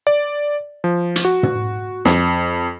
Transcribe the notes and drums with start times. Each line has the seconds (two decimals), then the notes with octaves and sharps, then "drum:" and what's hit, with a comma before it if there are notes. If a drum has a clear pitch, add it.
0.07 D5
0.84 F3
1.16 drum: hi-hat
1.25 F#4
1.43 drum: tom
2.05 F2, drum: snare